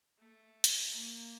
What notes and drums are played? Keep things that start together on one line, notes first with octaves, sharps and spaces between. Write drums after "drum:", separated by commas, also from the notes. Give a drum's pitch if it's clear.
A3
drum: hi-hat
A#3